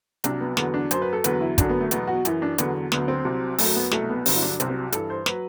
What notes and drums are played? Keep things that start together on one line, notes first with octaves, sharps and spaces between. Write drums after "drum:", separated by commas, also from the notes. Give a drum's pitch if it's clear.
C2 C3 F#3 D4, drum: hi-hat
B3
E2 D3 F#3 B3, drum: snare
D4
F#2 F#3 C5, drum: hi-hat
B4
A4
E2 D3 F#3 B4, drum: hi-hat
E4
F#2 D3 F#3 D4, drum: kick, hi-hat
B3
A3
E2 B2 F#3 B3, drum: hi-hat
F#4
F#2 E3 E4, drum: hi-hat
D4
E2 D3 F#3 B3, drum: hi-hat
D2 D3 F#3 B3, drum: snare
C4
C2 C3 F#3
F#2 F#3 A3, drum: open hi-hat
B3
C2 B2 F#3 A3, drum: snare
B3
G2 D3 F#3 C4, drum: open hi-hat
E4
D4
C2 C3 F#3 C4, drum: hi-hat
C4
G2 E3 A4, drum: hi-hat
C5
F#3 B4, drum: snare